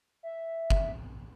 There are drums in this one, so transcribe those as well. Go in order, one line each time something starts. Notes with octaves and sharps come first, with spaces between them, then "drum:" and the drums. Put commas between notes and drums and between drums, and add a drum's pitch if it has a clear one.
E5
drum: kick G1